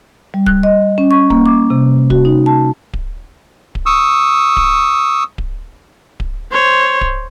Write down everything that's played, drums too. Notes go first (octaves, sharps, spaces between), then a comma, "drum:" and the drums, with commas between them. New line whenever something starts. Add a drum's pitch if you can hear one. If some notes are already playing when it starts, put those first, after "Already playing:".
G3
F#6, drum: kick D1
D#5
C#4
C#6
A#3, drum: kick D1
D6
C3
F#4, drum: kick D1
D#4
A5
drum: kick D1
drum: kick D1
C#6 D#6 E6
drum: kick D1
drum: kick D1
drum: kick D1
C5 C#5
drum: kick D1